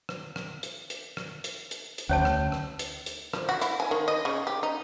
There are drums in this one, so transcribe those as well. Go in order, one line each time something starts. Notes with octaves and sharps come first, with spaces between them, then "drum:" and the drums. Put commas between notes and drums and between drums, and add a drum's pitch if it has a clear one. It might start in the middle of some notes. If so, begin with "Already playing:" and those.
drum: rim click
drum: rim click
drum: hi-hat
drum: hi-hat
drum: rim click
drum: hi-hat
drum: hi-hat
drum: hi-hat
D2 C#4 C#5 A5
drum: rim click
drum: rim click
drum: hi-hat
drum: hi-hat
F3, drum: rim click
F#4
E4, drum: hi-hat
G#5
D#3
D#5
C#3
G4
D#4